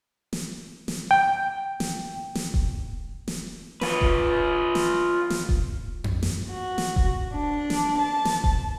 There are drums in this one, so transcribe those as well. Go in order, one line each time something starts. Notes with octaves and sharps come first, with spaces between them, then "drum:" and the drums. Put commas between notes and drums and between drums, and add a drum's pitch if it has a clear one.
drum: snare
drum: snare
G5
drum: snare
drum: snare
drum: kick E1
drum: snare
F4 B4, drum: snare
drum: kick E1
drum: snare
drum: snare
drum: kick E1
drum: tom F2
drum: snare
F#4
drum: snare
drum: kick E1
D4
drum: snare
A5
drum: snare
drum: kick E1